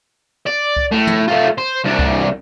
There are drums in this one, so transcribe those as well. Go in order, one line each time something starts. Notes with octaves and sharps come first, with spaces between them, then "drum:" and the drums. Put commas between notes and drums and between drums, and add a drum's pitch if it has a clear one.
D5
drum: kick C#2
A2
drum: tom
A3 F4
C5
C2 D4
drum: kick C#2